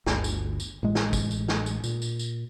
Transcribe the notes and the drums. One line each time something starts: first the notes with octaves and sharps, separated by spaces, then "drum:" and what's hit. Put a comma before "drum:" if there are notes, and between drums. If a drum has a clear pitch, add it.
G1 D2, drum: snare
drum: tambourine
drum: tambourine
A1 A2 G#3
drum: snare
drum: kick, tambourine
drum: tambourine
drum: snare
drum: tambourine
A#2, drum: tambourine
drum: tambourine
drum: tambourine